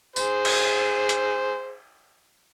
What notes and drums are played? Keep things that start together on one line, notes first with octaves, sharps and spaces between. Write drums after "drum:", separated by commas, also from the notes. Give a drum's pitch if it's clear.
G#4 C5, drum: tambourine
drum: cymbal
drum: hi-hat